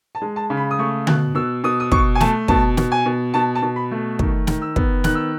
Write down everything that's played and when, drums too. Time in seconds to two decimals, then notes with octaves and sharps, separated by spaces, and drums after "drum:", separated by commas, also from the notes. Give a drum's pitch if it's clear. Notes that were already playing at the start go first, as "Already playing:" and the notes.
0.15 A5
0.22 G#3
0.36 A5
0.50 C#3
0.57 B5
0.71 D#6
0.79 A3 C#6
1.07 B2 F#6, drum: tom D3
1.35 B2 E6
1.64 B2 D#6
1.80 D#6
1.92 B2 C#6, drum: kick
2.15 G#5
2.21 A3 A5, drum: snare
2.48 B2 A5, drum: kick
2.77 B2, drum: snare
2.92 G#5
3.06 B2
3.34 B2 A5
3.55 A5
3.62 B2
3.76 B5
3.91 A3
4.19 D#3, drum: kick
4.47 D#3, drum: snare
4.62 E6
4.76 B3, drum: kick
5.04 D#3 F#6, drum: snare
5.15 E6